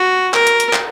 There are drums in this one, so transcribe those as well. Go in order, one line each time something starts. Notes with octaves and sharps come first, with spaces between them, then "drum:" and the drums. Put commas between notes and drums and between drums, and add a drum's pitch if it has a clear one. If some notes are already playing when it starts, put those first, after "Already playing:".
Already playing: F#4
A#4, drum: clap
drum: hi-hat
drum: hi-hat
drum: clap